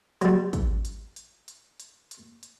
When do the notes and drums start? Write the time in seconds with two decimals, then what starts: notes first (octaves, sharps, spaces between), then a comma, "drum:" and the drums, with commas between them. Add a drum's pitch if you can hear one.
0.21 F#3 G3, drum: hi-hat
0.53 drum: kick, hi-hat
0.85 drum: hi-hat
1.16 drum: hi-hat
1.48 drum: hi-hat
1.80 drum: hi-hat
2.11 drum: hi-hat
2.43 drum: hi-hat